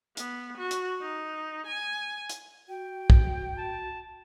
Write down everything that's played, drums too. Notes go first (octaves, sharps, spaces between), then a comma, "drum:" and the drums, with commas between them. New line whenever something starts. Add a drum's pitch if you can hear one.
B3, drum: hi-hat
F#4
drum: hi-hat
D#4
G#5
drum: hi-hat
F#4 G5
drum: kick
A5